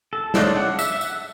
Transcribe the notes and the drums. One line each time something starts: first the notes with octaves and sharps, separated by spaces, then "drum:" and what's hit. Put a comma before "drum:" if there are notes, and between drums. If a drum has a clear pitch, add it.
A4
C#3 G#3 D4 A4, drum: snare
F#5
E5, drum: tambourine
E5
F#5, drum: tambourine